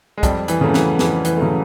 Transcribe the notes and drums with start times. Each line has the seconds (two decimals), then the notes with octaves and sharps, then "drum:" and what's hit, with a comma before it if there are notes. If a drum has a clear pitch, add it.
0.18 G#3
0.23 F2 G3, drum: kick, hi-hat
0.48 E3, drum: hi-hat
0.61 C#3 F#3 A3
0.74 E3, drum: snare
0.99 F2 E3, drum: snare
1.25 E3, drum: hi-hat
1.37 C#3 F#3 A3